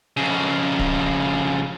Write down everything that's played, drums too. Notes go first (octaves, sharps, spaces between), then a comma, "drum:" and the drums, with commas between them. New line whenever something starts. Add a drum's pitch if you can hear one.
F2 C#3
drum: kick